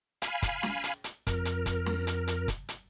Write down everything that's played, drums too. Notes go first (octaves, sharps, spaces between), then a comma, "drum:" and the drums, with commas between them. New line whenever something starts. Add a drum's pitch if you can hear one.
F5 G#5 B5, drum: hi-hat
drum: kick, hi-hat
drum: snare
drum: hi-hat
drum: hi-hat
F2 A#4, drum: kick, hi-hat
drum: hi-hat
drum: kick, hi-hat
drum: snare
drum: hi-hat
drum: hi-hat
drum: kick, hi-hat
drum: hi-hat